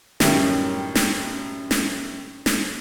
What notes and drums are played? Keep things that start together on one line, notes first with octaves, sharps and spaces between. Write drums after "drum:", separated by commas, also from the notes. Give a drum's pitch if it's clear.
F#2 A2 D#3 G3, drum: snare
drum: snare
drum: snare
drum: snare